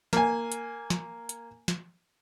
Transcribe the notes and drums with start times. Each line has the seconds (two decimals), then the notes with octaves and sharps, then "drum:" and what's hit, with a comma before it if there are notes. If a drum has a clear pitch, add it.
0.13 A#3 G#5, drum: snare
0.52 drum: hi-hat
0.90 drum: snare
1.29 drum: hi-hat
1.68 drum: snare